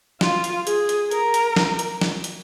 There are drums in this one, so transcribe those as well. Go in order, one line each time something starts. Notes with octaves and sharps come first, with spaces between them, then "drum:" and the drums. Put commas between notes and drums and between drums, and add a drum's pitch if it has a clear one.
F4, drum: snare
drum: hi-hat
G#4, drum: hi-hat
drum: hi-hat
A#4, drum: hi-hat
drum: hi-hat
drum: snare
drum: hi-hat
drum: snare
drum: hi-hat